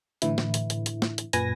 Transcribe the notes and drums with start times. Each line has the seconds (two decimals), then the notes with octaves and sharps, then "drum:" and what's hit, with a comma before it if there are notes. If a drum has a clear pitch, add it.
0.22 A2 D3 E3 E4, drum: hi-hat
0.38 drum: snare
0.54 drum: hi-hat
0.70 drum: hi-hat
0.86 drum: hi-hat
1.02 drum: snare
1.18 drum: hi-hat
1.33 F#2 A#2 B4 G#5 A#6, drum: hi-hat